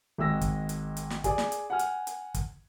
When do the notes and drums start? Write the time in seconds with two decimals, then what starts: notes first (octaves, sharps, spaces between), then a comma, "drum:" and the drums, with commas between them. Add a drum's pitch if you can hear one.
0.18 G#1 G#3 E6 A#6
0.41 drum: kick, hi-hat
0.69 drum: hi-hat
0.97 drum: hi-hat
1.10 drum: snare
1.24 G#4 D5, drum: kick, hi-hat
1.38 drum: snare
1.52 drum: hi-hat
1.70 F#5 G#5 F6
1.79 drum: hi-hat
2.07 drum: hi-hat
2.34 drum: kick, hi-hat